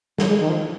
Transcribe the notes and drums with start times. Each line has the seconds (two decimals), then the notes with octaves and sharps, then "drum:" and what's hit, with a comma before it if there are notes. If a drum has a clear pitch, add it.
0.18 F#3, drum: snare
0.27 G#3
0.40 D#3
0.49 F3